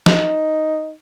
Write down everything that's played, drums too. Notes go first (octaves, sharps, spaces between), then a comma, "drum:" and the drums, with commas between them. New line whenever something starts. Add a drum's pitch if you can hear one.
D#4, drum: snare